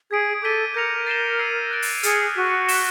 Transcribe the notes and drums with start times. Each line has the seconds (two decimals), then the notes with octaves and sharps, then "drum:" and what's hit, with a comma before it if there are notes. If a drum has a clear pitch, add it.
0.11 G#4 G#6 B6 D7
0.42 A4 D6 G6 B6 D#7 G7
0.74 A#4 G6 A#6 C#7 F7
1.06 A6 C7 E7 G7
1.39 E6 G#6 C7 D#7
1.71 F#6 A6 D7 G7
1.82 drum: open hi-hat
2.03 G#4 F6 A6 C#7, drum: hi-hat
2.35 F#4 F#6 B6 D#7
2.68 F#6 B6 E7 G7, drum: open hi-hat